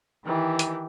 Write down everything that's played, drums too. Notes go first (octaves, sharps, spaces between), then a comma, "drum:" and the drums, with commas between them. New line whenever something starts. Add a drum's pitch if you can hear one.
D#3 E3 G4
drum: hi-hat